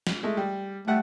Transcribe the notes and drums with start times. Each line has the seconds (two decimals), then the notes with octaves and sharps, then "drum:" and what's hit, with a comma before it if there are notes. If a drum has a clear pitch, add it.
0.07 drum: snare
0.23 G#3 A3
0.37 G3
0.87 G3 A3 F#5